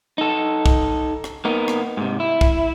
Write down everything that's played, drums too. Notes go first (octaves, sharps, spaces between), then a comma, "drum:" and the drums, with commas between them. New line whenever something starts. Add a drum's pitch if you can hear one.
D#4 A4
drum: kick
drum: rim click
A#3 B3 D#4 A#4
drum: rim click
G#2 C3
E4
drum: kick